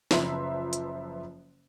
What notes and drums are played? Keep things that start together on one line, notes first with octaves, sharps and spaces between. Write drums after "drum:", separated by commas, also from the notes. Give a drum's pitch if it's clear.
F#1 F3 B4 E5 A#5 C6, drum: snare
drum: hi-hat